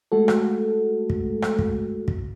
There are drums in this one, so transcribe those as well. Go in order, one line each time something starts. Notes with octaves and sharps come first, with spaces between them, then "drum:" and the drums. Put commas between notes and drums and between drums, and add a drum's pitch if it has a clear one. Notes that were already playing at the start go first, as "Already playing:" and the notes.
G#3 A3 F#4 A4
drum: rim click
drum: kick
drum: rim click
drum: kick
drum: kick